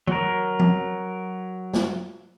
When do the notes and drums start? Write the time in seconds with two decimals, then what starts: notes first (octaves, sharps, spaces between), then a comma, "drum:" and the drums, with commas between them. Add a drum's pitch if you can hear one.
0.07 F#3 A#4, drum: tom D#3
0.59 drum: tom F3
1.74 drum: snare